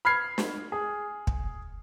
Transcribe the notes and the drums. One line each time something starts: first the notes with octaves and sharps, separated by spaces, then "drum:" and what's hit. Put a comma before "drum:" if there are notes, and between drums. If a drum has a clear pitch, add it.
B5 F6 G#6 C7
drum: snare
G#4
drum: kick